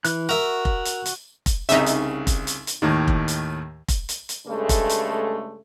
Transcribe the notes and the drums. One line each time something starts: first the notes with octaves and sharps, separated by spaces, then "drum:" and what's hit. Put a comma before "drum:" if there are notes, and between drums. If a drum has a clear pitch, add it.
E3 F#6, drum: hi-hat
F#4 A#4 E5 E6
drum: kick F1
drum: hi-hat
drum: hi-hat
drum: kick F1, hi-hat
C2 C#3 D#4 E5, drum: hi-hat
drum: hi-hat
drum: kick F1, hi-hat
drum: hi-hat
drum: hi-hat
D#2 A2 D#3
drum: kick F1
drum: hi-hat
drum: kick F1, hi-hat
drum: hi-hat
drum: hi-hat
G2 C#3 G#3 A3
drum: kick F1, hi-hat
drum: hi-hat